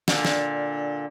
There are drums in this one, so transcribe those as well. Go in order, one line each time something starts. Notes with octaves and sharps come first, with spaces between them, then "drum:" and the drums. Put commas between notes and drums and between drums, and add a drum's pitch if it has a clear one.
A#2 D3, drum: snare
drum: snare